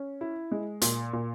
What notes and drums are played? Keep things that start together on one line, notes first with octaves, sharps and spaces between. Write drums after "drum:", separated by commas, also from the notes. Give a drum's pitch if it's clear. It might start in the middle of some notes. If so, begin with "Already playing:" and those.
Already playing: C#4
E4
G#3
A#2, drum: hi-hat
A#2